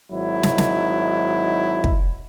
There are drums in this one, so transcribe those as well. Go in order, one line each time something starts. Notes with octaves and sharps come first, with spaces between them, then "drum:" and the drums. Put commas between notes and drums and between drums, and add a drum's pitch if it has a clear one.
G#1 F#3 D#4 E4
drum: snare
drum: snare
drum: kick